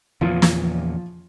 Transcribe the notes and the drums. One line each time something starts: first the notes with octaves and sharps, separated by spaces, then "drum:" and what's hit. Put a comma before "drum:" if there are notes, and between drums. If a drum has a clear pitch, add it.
E2 A#2 C#3 F3 F4
drum: snare